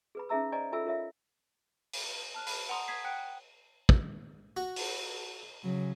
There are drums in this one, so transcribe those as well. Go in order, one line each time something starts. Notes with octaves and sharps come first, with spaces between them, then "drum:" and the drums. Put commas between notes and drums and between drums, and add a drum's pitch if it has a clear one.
G#4 B4 B5
C#4 D#4 G#4 E5 A#5 E6
C5 D5 D#5 G#5 A#5
F4 A4 E5 G#5 B5 E6
F4 A#4 C#5 E5 F5
drum: open hi-hat
A5 F6 F#6
B5, drum: open hi-hat
F#5 G#5 A#5 C6 D#6
D#6 G#6 B6 C7
F#5 G5 F#6 B6 C#7 D7
drum: kick
F#4
drum: open hi-hat
C#3 F#3